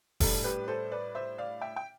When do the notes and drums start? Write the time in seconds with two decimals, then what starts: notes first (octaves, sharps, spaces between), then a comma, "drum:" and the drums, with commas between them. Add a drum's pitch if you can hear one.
0.20 A2 G3 D4 A4, drum: kick F1, open hi-hat
0.44 G4 B4
0.68 A4 C5
0.92 B4 D5
1.15 C5 E5
1.38 D5 F5
1.61 E5 G5
1.76 G5